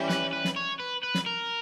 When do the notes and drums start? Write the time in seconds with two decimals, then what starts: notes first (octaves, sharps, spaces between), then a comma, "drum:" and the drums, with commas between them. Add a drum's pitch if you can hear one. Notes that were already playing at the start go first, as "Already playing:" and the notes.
Already playing: E3 G3 C#4 G4
0.09 B4, drum: snare
0.33 B4
0.45 drum: snare
0.56 C#5
0.80 B4
1.03 B4
1.15 drum: snare
1.26 A#4